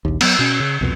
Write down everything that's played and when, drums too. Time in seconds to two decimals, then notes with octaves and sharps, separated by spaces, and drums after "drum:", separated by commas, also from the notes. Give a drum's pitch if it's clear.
0.05 A#1 D#2
0.21 F#3 B3, drum: cymbal
0.39 B2 C#4
0.60 C#3
0.81 C2 F2 B2